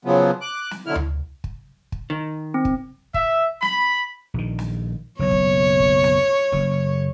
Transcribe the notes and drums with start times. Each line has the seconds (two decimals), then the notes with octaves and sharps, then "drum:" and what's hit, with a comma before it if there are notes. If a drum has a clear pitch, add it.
0.05 C#3 F3 F#3 B3
0.41 D6 F#6
0.71 drum: snare
0.86 B2 D3 F#3 E4 F6
0.95 drum: tom D2
1.44 drum: kick
1.92 drum: kick
2.10 D#3
2.54 C4
2.65 drum: kick
3.14 E5, drum: kick
3.62 B5, drum: snare
4.34 A#1 D#3
4.59 drum: snare
5.19 F#1 B1 C#5
5.31 drum: kick
5.80 drum: kick
6.04 drum: snare
6.52 F#1, drum: kick